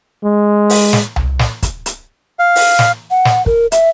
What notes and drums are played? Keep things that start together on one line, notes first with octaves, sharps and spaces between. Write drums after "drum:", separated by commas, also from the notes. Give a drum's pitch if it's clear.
G#3
drum: open hi-hat
drum: snare
drum: tom C2
drum: snare
drum: kick, hi-hat
drum: hi-hat
F5
drum: open hi-hat
drum: snare
F#5
drum: snare
A#4, drum: kick
E5, drum: hi-hat